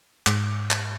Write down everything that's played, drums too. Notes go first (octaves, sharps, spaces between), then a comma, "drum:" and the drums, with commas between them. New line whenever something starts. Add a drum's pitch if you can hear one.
G#2, drum: clap
drum: clap